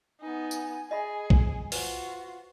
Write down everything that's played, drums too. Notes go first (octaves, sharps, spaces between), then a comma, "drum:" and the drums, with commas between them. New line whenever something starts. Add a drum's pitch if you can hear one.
B3 D#4 G#5
drum: tambourine
G#4 D#5 E5 B5
drum: kick B1
F4 F#4 B4 C5, drum: open hi-hat